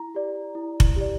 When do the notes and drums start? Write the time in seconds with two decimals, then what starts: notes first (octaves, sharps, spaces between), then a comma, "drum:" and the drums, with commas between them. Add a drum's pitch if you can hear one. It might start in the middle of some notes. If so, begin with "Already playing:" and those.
Already playing: E4 A#5
0.15 G4 D5
0.55 E4
0.80 drum: kick F1
0.96 G4 D5